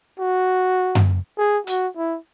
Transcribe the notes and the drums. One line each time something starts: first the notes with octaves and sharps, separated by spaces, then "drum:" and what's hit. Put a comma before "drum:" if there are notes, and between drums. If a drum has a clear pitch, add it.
F#4
drum: tom F#2
G#4
F#4, drum: hi-hat
E4